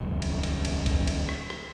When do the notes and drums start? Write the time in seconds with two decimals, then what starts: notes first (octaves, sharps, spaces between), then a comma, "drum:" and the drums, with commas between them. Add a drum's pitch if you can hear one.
0.01 D#1 C#2 F#2
0.22 drum: cymbal
0.43 drum: cymbal
0.65 drum: cymbal
0.86 drum: kick, cymbal
1.07 drum: cymbal
1.29 drum: rim click
1.50 drum: rim click